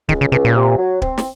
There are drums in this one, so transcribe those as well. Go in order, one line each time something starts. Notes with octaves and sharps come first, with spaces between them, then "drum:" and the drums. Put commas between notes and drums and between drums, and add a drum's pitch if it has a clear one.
C#2 D#3, drum: kick
C#3
C#2 C3
A#2
C3
F#3
C4, drum: kick
drum: snare